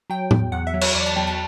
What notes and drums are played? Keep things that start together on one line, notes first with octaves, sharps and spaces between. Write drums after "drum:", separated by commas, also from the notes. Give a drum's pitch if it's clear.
F#3 G5
E2, drum: tom A2
E2 F#5
E5
F#3
C#5, drum: cymbal
E2 D5
A5
F#3 G5
A5